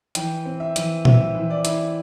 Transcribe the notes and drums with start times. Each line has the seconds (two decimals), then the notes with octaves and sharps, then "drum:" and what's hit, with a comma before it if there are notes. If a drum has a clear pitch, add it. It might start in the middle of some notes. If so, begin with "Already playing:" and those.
0.15 E3 G5, drum: hi-hat
0.45 C4
0.60 E5
0.76 E3, drum: hi-hat
1.05 C4 E5, drum: tom A#2
1.35 E3
1.50 D5
1.65 E4, drum: hi-hat